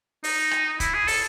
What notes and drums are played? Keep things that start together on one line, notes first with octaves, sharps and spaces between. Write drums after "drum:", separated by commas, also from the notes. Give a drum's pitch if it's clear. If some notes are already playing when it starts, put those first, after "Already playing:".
D#4, drum: open hi-hat
drum: rim click
E4, drum: kick E1, hi-hat
G#4
A4, drum: open hi-hat